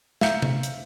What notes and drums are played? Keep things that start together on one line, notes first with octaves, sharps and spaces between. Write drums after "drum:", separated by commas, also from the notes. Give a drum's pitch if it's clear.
E5 F5 A#5 G6 C#7, drum: snare
drum: tom C3
drum: hi-hat